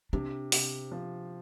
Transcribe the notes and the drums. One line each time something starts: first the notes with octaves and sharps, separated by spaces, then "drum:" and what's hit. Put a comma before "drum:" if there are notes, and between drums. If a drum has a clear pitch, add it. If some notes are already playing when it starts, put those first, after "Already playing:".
C3 D4
C3, drum: open hi-hat
F3